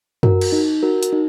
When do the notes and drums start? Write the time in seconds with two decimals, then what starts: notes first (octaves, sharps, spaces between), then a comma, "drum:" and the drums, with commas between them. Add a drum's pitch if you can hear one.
0.23 F#4 A#4, drum: tom F#2
0.41 drum: cymbal
0.52 D#4
0.83 F#4 A#4
1.03 drum: hi-hat
1.12 D#4